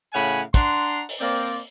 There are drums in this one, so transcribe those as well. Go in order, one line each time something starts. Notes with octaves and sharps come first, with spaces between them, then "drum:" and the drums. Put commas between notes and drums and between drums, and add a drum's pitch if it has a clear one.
A2 C#3 F5 F#5 G#5 B5
D4 F#5 A#5 C6, drum: kick, hi-hat
drum: open hi-hat
A#3 C4 D5